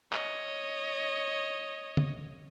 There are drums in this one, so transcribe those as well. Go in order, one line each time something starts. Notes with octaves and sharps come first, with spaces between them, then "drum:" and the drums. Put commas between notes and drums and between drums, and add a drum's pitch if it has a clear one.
C#5 D#5, drum: clap
drum: tom